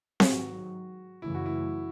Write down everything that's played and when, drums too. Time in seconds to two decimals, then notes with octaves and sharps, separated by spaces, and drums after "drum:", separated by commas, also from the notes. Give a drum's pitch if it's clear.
0.20 G#4, drum: snare C4
0.29 G#2 D#3 F#3 F#4
1.22 F#2 C#3 E3 A3 E4
1.35 F#4
1.46 E4